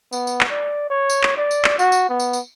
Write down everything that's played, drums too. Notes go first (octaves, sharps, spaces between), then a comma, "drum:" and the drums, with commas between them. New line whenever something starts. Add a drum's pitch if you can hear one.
B3, drum: tambourine
drum: tambourine
drum: clap
D5
C#5
drum: tambourine
drum: clap
D5
drum: tambourine
drum: clap
F#4, drum: tambourine
drum: tambourine
B3
drum: tambourine
drum: tambourine